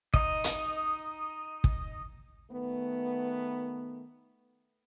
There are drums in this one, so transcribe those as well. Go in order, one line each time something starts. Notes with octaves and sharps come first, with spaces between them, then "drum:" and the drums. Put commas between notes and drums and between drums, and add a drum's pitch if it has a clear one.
D#4 D#5, drum: kick
drum: hi-hat
drum: kick
D#3 A3 B3